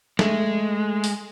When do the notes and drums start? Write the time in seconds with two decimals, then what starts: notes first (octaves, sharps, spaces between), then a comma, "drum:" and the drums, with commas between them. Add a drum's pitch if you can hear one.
0.19 G#3 A3, drum: snare
1.04 drum: open hi-hat